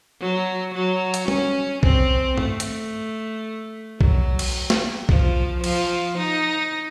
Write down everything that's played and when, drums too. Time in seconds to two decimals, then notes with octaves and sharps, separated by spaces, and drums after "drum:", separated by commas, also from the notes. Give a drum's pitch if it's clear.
0.20 F#3
0.74 F#3
1.14 drum: hi-hat
1.28 C#4, drum: tom G3
1.83 C4, drum: kick B1
2.38 A3, drum: tom G2
2.60 drum: hi-hat
4.01 F#3, drum: kick B1
4.39 drum: cymbal
4.70 drum: snare
5.09 F3, drum: kick B1
5.64 F3, drum: cymbal
6.18 D#4